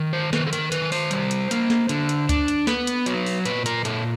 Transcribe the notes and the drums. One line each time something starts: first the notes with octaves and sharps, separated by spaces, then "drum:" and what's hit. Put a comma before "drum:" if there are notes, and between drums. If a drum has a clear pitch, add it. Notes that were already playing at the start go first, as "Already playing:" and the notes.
Already playing: D#3
C5
D#3 B4, drum: snare
A4
A#4, drum: hi-hat
D#3 B4, drum: hi-hat
C5, drum: open hi-hat
G3, drum: hi-hat
drum: hi-hat
A#3, drum: hi-hat
drum: snare
D3, drum: hi-hat
drum: hi-hat
D4, drum: kick D2, hi-hat
drum: hi-hat
B3 B4, drum: snare
drum: hi-hat
F#3, drum: hi-hat
drum: open hi-hat
A#2 B4, drum: hi-hat
A#4, drum: hi-hat
A#2 A4, drum: hi-hat